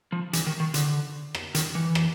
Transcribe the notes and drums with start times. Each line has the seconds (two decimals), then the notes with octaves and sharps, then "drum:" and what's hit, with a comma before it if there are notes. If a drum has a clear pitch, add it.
0.12 F3
0.33 E3, drum: hi-hat
0.47 D#3
0.60 D#3
0.74 D3, drum: hi-hat
1.35 drum: rim click
1.55 D#3, drum: hi-hat
1.75 E3
1.95 drum: rim click